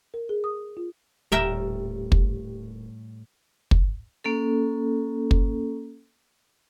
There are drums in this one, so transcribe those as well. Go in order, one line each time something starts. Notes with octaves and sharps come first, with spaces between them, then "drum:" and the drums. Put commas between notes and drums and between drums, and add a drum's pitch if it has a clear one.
A#4
G#4
D#6
F4
D#1 A2 G3 A3 G4 A#4 E5 G5
drum: kick
drum: kick
A#3 C#4 A4
drum: kick